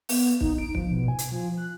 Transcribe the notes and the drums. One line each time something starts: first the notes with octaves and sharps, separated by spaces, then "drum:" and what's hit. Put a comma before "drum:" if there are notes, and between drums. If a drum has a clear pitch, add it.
B3, drum: open hi-hat
D#4, drum: kick
D7
F3, drum: kick
B2
G#5
drum: hi-hat
F3
F#6